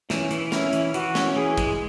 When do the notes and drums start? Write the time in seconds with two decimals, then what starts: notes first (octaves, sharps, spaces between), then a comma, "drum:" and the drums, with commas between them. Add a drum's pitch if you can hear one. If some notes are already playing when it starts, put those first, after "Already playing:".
0.10 E3 C#4, drum: snare
0.31 E3, drum: hi-hat
0.52 C#4 E4, drum: snare
0.73 E3, drum: hi-hat
0.94 E3 F#4, drum: hi-hat
1.15 C#4, drum: snare
1.36 E3 G#4
1.58 G#3, drum: kick, hi-hat